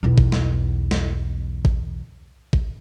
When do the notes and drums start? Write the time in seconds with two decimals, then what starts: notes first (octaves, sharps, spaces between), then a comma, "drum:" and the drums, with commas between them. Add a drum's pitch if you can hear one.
0.03 B1 E2
0.18 drum: kick
0.32 drum: snare
0.91 drum: snare
1.65 drum: kick
2.53 drum: kick